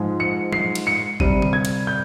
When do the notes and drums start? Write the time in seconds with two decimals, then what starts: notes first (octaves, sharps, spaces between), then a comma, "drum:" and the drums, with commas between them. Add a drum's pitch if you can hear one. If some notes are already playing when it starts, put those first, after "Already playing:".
Already playing: G#2 F3 G#3
0.20 C#7
0.53 C7, drum: tom F#3
0.75 drum: cymbal
0.87 C#7
1.20 C3 G3 D#7, drum: kick G#1
1.42 drum: tom D3
1.53 G#6
1.65 drum: cymbal
1.87 G6